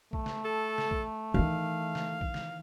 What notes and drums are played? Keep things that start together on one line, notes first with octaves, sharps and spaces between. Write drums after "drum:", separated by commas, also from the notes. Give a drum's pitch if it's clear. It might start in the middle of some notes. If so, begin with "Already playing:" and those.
A3, drum: kick A#1
drum: snare
A4
drum: snare
drum: kick A#1
D#3 E3 F5
drum: snare
drum: kick A#1
drum: snare